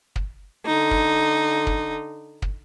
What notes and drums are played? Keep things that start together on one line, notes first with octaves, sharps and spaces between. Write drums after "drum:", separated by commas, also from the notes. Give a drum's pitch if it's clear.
drum: kick
D3 D#4
drum: kick
drum: kick
drum: kick